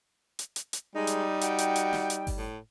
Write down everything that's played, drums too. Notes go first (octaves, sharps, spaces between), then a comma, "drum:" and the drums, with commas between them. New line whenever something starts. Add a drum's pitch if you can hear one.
drum: hi-hat
drum: hi-hat
drum: hi-hat
G3 G#3 D#4
drum: hi-hat
F#4 G5, drum: hi-hat
drum: hi-hat
drum: hi-hat
drum: snare
drum: hi-hat
drum: kick G1, open hi-hat
A2